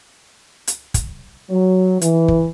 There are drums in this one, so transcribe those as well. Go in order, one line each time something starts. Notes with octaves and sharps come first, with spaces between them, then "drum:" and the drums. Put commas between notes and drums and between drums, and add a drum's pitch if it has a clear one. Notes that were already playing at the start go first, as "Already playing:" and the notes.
drum: hi-hat
drum: kick, hi-hat
F#3
E3, drum: hi-hat
drum: kick